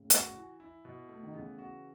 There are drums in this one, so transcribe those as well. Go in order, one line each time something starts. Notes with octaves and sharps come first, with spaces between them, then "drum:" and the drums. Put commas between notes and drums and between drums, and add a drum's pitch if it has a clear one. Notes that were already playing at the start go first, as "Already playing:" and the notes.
Already playing: A2 C#3
F#4, drum: hi-hat
E3
E4
B2
A3
D#3
C#3 E3 B3
F#4